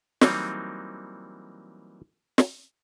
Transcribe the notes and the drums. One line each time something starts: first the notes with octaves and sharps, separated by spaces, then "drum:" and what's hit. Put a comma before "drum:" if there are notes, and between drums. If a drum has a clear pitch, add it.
E3 F#3 G3 A#3 C4 D#4, drum: snare
drum: snare